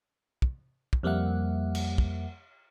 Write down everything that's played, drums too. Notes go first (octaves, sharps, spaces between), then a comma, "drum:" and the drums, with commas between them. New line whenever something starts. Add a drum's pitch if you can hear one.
drum: kick
drum: kick
F2 G3 A#3 E5 F#5
drum: cymbal
drum: kick